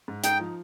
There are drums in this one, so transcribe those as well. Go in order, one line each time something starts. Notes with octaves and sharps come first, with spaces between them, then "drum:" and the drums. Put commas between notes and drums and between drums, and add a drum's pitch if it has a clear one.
G#2
D#4 G5, drum: hi-hat
F3